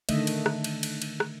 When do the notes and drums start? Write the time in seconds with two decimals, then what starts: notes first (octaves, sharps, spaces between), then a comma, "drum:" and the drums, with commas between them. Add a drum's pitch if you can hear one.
0.09 D3 D#3 A3 D#5 E5, drum: cymbal
0.27 drum: cymbal
0.46 drum: rim click
0.64 drum: cymbal
0.83 drum: cymbal
1.02 drum: cymbal
1.20 drum: rim click